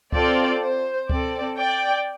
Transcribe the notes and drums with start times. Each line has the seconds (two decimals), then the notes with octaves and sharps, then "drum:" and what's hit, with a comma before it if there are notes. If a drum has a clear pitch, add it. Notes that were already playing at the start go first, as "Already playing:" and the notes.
0.12 C4 F4 A4 D5, drum: kick C#2
0.61 C5
1.10 C4 A4 D5, drum: kick C#2
1.57 D5 G5